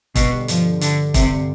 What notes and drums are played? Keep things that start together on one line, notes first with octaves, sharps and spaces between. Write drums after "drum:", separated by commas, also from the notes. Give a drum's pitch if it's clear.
G2 B2, drum: kick E1, hi-hat
D3 G3
G2 F3, drum: hi-hat
D3 G3
G2 D3, drum: hi-hat
D3 G3
G2 C3, drum: kick E1, hi-hat
D3 G3